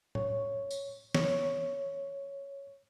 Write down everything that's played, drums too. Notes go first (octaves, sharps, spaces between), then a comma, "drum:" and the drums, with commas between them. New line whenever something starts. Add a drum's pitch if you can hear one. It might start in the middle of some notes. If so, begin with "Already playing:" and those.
C#5, drum: tom A2
drum: tambourine
C#5, drum: snare